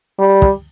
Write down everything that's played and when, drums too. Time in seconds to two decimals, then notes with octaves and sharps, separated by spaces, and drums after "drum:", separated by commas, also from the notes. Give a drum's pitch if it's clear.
0.20 G3
0.42 drum: kick